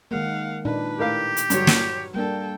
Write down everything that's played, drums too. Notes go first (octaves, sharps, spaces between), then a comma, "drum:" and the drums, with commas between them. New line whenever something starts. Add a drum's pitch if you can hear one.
D#3 G#3 A#3 F5 F#5
A#2 D4 D#4 B4
A2 G4 A#4 F5
drum: hi-hat
G2 D3 F#3 C#5, drum: hi-hat
drum: snare
G3 A#3 D4 A4 G5